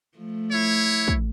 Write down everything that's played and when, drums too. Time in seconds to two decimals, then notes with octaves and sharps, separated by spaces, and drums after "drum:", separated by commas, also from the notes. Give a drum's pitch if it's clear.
0.17 F3 A3
0.52 E4 C#5
1.08 drum: kick